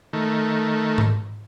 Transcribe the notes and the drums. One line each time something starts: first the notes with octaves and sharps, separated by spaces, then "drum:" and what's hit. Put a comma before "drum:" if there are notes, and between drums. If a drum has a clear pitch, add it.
D#3 A3
drum: tom G#2